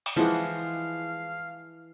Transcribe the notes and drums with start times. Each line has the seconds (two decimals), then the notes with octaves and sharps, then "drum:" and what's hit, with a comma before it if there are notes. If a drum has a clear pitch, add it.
0.06 drum: open hi-hat
0.16 E3 F3 G#3 F5 F#5